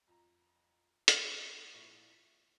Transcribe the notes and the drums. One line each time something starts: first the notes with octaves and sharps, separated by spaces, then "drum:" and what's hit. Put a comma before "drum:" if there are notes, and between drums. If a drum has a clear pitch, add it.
F2 A#5
G5, drum: hi-hat
A#1 E4 C#6
B6